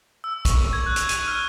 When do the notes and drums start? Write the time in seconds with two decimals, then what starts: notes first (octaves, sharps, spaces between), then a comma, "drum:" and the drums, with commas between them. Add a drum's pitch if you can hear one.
0.24 E6
0.45 C#6, drum: kick, hi-hat
0.57 drum: rim click
0.73 G#6
0.86 F#6
0.96 drum: hi-hat
1.09 D#7, drum: hi-hat
1.27 F6